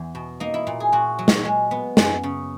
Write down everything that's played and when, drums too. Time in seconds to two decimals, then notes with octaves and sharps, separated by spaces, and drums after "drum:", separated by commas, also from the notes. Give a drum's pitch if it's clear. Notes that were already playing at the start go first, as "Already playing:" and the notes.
Already playing: E2
0.15 B2
0.40 A#3 D#4
0.54 E4
0.67 A#2
0.80 G#4
0.92 A#2 F#4
1.19 F#3
1.28 drum: snare
1.45 G#3
1.71 B3
1.97 F#2, drum: snare
2.23 C#3